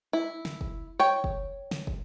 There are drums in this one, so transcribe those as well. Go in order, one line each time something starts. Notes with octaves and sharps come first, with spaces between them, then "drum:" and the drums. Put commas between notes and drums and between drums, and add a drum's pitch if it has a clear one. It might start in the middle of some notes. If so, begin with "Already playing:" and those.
E4
drum: snare
drum: kick
C#5 G5
drum: kick
drum: snare
drum: kick